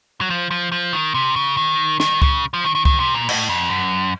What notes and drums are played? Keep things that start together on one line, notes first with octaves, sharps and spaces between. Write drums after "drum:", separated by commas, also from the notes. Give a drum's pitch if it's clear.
F#3
F3
F3
F3
D#3
C3
C#3
D#3
D#3, drum: snare
C#3, drum: kick C#2
F3
D#3
D#3
D#3, drum: kick C#2
C3
A#2
A2, drum: cymbal
F2
F#2